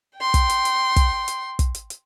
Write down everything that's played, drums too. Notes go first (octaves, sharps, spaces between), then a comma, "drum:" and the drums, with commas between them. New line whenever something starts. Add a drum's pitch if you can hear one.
G5 C6
drum: kick, hi-hat
drum: hi-hat
drum: hi-hat
drum: kick, hi-hat
drum: hi-hat
drum: kick, hi-hat
drum: hi-hat
drum: hi-hat